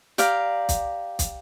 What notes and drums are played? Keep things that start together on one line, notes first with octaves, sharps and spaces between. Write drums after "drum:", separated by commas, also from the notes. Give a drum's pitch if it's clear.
G4 D5 F5 A#5, drum: hi-hat
drum: kick, hi-hat
drum: kick, hi-hat